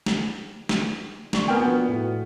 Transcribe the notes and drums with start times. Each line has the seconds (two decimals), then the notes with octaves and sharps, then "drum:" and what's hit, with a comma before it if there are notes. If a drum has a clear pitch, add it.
0.06 drum: snare
0.69 drum: snare
1.33 D5 C6 C#6, drum: snare
1.48 A#3 B3 G5 G#5 D#6 F6
1.60 F3 B3 D4 F#4
1.88 A2 F#4